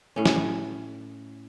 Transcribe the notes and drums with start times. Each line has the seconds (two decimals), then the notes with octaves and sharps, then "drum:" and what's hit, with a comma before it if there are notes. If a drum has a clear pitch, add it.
0.16 A2 C#4
0.26 drum: snare